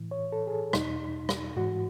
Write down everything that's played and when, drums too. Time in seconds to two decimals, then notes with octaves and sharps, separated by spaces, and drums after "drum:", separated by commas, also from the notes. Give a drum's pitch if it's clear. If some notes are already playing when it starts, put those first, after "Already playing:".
Already playing: A2 E3
0.11 C#5
0.32 A4
0.47 G#4
0.52 A4
0.73 E2 B2 D#4, drum: rim click
1.29 drum: rim click
1.56 G#2 E3 F#4